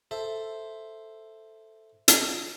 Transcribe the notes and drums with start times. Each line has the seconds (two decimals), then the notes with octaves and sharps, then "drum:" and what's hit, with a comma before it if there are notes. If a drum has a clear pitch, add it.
0.11 A4 C5 E5
2.08 drum: hi-hat